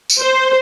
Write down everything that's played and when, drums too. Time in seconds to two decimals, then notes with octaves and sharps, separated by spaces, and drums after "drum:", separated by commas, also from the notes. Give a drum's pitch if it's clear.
0.10 drum: tambourine
0.20 C5